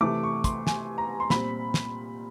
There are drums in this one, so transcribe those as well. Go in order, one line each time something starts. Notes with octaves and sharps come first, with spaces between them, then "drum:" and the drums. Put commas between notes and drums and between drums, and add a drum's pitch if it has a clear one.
C3 E3 A3 D6
C#6
C6, drum: kick, hi-hat
G#5, drum: snare
A#5
C6
A#2 G3 C4 B5, drum: snare
drum: snare